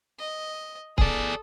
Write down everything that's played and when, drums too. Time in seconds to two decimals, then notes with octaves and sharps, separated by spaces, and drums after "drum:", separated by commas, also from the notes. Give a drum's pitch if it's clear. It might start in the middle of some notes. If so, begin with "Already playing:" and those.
0.19 D#5
0.98 G#4 A4 D5 D#6, drum: kick C#1